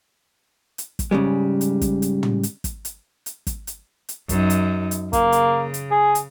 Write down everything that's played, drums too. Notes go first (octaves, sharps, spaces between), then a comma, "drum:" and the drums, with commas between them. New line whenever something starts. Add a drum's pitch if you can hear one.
drum: hi-hat
drum: kick, hi-hat
G#2 C#3 E3 G3 G#3
drum: hi-hat
drum: kick, hi-hat
drum: hi-hat
drum: tom
drum: hi-hat
drum: kick, hi-hat
drum: hi-hat
drum: hi-hat
drum: kick, hi-hat
drum: hi-hat
drum: hi-hat
F#2 D#4, drum: kick, hi-hat
drum: hi-hat
drum: hi-hat
C#3 A#3, drum: kick, hi-hat
drum: hi-hat
drum: hi-hat
G#4
drum: hi-hat